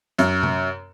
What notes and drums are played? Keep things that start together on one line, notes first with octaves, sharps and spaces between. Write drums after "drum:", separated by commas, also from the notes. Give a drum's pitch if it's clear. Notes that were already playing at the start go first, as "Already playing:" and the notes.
F#2, drum: hi-hat
drum: tom C3